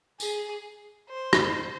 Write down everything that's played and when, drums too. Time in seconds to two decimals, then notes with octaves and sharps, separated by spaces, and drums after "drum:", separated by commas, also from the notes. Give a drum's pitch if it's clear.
0.20 G#4, drum: tambourine
1.10 C5
1.33 drum: rim click